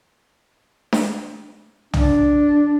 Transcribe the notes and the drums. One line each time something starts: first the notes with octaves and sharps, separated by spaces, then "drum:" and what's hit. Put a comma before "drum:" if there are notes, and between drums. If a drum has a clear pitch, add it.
drum: snare D4
D4, drum: tom B1